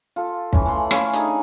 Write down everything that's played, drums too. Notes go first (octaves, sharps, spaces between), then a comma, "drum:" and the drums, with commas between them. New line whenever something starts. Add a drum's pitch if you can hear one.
F4 A4
E3 C#4, drum: kick
A3 F#5 C6
A3 C#4 E4 F5, drum: rim click
D4 D#4 G#4, drum: hi-hat
D#4